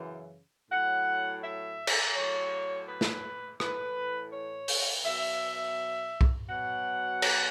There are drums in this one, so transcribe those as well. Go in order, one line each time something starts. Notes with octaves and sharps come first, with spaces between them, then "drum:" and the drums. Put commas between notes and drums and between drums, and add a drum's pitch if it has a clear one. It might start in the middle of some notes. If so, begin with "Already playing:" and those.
Already playing: F#2 C#3 E3
A2 F#3 F#5
E5
drum: cymbal
A2 F#3 C#5
B4
drum: snare
A2 E3 B4, drum: rim click
C#5
drum: open hi-hat
B2 F#3 E5
drum: kick C2
B2 F#3 F#5
drum: cymbal